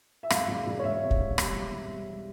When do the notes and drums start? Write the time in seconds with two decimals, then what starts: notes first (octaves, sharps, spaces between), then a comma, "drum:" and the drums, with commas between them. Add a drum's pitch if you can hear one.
0.23 E5
0.30 E1 F5, drum: rim click
0.48 E1
0.67 E1
0.79 C#5
0.84 E1 E5
1.02 C3
1.11 drum: kick
1.20 E1
1.38 G3, drum: rim click
1.56 E1
1.73 E1
1.91 G3
2.09 G3